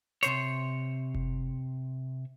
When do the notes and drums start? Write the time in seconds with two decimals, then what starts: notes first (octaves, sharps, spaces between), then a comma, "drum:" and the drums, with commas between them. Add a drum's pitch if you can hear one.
0.23 C3 C5 C#5, drum: hi-hat
1.15 drum: kick F#1